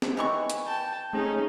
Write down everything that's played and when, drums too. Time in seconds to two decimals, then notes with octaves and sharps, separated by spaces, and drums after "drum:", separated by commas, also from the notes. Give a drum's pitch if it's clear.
0.02 drum: snare
0.17 D#3 E3 C#6
0.50 drum: hi-hat
0.66 G5 A5
1.13 A3 C#4 D#4 G#4